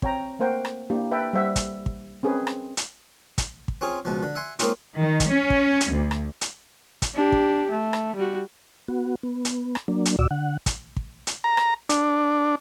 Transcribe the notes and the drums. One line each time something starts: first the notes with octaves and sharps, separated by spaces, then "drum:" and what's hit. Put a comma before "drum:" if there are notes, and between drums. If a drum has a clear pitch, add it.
C4 C#5 G5 A#5, drum: kick
A3 A#3 A#4 C5 F#5 G5
drum: rim click
A#3 D4 E4 G4
B4 E5 G5 A5
G3 C5 E5 F#5
drum: kick, hi-hat
drum: kick
C4 C#4 G#4 A#4 B4
drum: rim click
drum: hi-hat
drum: kick, hi-hat
drum: kick
C4 C#4 F4 G#4
C#2 B2 F3
D3
E5 F#5 G#5 C6
G#3 A#3 C4 C#4 D#4 F4, drum: hi-hat
D#3
drum: kick, hi-hat
C#4
drum: kick
drum: hi-hat
D2
drum: rim click
drum: hi-hat
drum: kick, hi-hat
D4 G4
drum: kick
A3
drum: rim click
G3 F#4
B3 F#4
B3
drum: hi-hat
drum: rim click
F#3 A#3 D4
drum: hi-hat
D2 A#2 F#4 D5 E6
D3 F#5
drum: kick, hi-hat
drum: kick
drum: hi-hat
A#5
drum: rim click
D4, drum: hi-hat